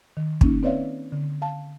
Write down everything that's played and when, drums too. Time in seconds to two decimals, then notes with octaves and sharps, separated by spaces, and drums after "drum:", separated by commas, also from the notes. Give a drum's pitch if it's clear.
0.17 D#3
0.41 A#3 C#4 D#4, drum: kick
0.63 C4 B4 C#5 D5 E5 F5
1.12 D3
1.42 F5 A5